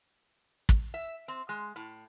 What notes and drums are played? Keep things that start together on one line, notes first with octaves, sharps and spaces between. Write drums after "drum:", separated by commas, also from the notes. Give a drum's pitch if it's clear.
drum: kick
E5
C4
G#3
A2